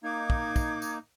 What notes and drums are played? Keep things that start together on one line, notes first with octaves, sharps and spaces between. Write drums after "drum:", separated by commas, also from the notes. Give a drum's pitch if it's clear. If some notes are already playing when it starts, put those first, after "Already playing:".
A#3 D#4 D6 G#6
drum: kick
drum: kick, tambourine
drum: tambourine